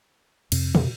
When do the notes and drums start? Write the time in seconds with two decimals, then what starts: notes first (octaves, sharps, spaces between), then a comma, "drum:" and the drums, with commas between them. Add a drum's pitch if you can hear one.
0.52 F2 C3, drum: cymbal
0.75 drum: tom